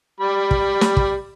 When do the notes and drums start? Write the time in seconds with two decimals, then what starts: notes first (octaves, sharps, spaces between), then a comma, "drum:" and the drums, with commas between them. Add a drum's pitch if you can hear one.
0.20 G3 B5
0.51 drum: kick
0.81 drum: snare
0.97 drum: kick